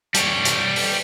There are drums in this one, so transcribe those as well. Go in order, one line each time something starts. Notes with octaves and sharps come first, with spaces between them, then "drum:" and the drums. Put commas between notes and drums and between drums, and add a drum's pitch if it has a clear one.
G3 C#5, drum: hi-hat
drum: hi-hat
drum: open hi-hat